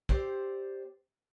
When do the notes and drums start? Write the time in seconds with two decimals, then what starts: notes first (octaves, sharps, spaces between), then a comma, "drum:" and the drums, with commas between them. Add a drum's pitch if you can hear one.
0.09 C4 G4 C5 D5, drum: kick